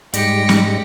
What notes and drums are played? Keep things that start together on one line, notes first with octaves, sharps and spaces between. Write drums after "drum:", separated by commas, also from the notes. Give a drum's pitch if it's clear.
G#2 G3 G#3 G4 A#6 C#7, drum: hi-hat
drum: snare